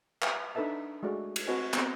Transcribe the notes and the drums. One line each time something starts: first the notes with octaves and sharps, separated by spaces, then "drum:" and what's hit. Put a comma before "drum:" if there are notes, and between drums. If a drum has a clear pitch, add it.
B4 E5 F5 G5 G#5, drum: clap
D4 D#4 A4 B4 E5 A5
G#3 A3 F#4 D5
drum: cymbal
C4 F#4 B4 C#5 D#5 G#5
B3 C4, drum: clap